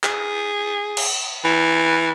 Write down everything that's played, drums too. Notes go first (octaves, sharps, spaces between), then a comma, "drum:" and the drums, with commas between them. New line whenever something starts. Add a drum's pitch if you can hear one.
G#4, drum: clap
drum: cymbal
E3